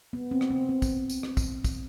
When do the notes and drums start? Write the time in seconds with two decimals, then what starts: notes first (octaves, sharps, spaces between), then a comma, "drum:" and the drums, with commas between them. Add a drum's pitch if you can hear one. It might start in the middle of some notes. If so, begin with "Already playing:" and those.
0.13 B3
0.31 C4
0.41 drum: rim click
0.50 C4
0.69 C4
0.82 drum: kick, tambourine
1.10 drum: tambourine
1.23 drum: rim click
1.37 drum: kick, tambourine
1.64 drum: kick, tambourine